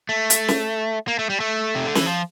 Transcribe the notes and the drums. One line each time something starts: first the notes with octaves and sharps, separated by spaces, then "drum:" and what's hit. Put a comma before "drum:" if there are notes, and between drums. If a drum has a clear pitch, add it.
A3
drum: hi-hat
drum: snare
A#3
A3
G3
A3
C3
D3
E3, drum: snare
F3